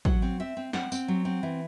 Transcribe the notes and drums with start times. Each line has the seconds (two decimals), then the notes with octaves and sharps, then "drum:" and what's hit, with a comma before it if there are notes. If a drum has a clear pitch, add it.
0.05 F#3 F#5, drum: kick
0.22 C4
0.40 C4 E5
0.57 C4
0.73 C4 F#5, drum: snare
0.92 C4, drum: tambourine
1.08 F#3
1.25 C4
1.43 E3